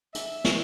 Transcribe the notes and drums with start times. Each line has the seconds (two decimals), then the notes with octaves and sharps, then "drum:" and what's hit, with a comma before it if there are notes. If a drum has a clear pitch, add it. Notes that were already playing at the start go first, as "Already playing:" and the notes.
0.15 E5, drum: hi-hat
0.44 drum: snare